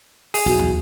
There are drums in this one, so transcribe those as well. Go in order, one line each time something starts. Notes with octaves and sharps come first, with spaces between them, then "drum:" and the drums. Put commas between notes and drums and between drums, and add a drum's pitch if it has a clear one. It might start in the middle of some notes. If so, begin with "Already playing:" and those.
G#4, drum: open hi-hat
B1 E2 F#4
drum: tom